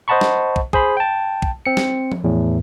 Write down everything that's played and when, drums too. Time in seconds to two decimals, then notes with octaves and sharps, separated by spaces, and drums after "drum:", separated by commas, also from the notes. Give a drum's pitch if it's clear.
0.08 C5 D#5 F#5 A5 B5 C#6
0.21 drum: snare
0.56 drum: kick
0.73 G#4 C5 B5, drum: kick
0.97 G5 A5
1.42 drum: kick
1.66 C4 C#7
1.77 drum: snare
2.12 drum: tom F3
2.24 E2 A2